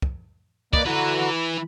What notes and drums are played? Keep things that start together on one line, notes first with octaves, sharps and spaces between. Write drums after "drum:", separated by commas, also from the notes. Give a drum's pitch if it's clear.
drum: kick
A#3 B4 D5 D#5, drum: kick
D3 E3 F#4 B4 A#5
B5